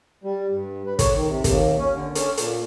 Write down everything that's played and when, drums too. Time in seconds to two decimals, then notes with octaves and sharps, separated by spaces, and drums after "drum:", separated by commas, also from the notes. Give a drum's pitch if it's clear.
0.24 G3
0.51 G2
0.86 B4
0.99 C#5, drum: kick, hi-hat
1.15 D#3
1.28 C3
1.44 D#2, drum: kick, hi-hat
1.78 C#4
1.93 D3
2.15 C#4, drum: hi-hat
2.37 A#2, drum: hi-hat